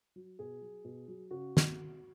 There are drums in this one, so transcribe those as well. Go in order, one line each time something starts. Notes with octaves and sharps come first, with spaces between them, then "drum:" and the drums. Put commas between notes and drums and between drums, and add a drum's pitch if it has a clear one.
F#3
B2 G#4
F#3
B2
F#3
C#3 F#4
drum: snare